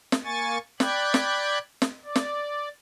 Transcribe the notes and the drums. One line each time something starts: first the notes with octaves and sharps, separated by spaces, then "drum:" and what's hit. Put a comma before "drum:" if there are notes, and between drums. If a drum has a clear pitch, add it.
drum: snare
A#3 G#5 C#6 A6
D5 G5 B5 F#6 G#6, drum: snare
drum: snare
drum: snare
D5
drum: snare